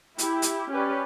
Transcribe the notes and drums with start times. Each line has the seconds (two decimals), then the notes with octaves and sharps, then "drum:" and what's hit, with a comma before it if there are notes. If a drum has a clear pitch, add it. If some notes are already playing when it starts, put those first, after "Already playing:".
0.18 E4 G4, drum: hi-hat
0.42 drum: hi-hat
0.72 C#4 G4 B4 D5